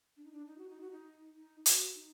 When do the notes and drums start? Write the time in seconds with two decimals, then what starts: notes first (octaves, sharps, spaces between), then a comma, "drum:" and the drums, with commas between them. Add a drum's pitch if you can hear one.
0.17 D4
0.25 D#4
0.32 D4
0.47 D#4
0.58 F#4
0.70 D#4
0.81 F#4
0.91 D#4
1.36 D#4
1.66 F#4, drum: hi-hat
1.95 D#4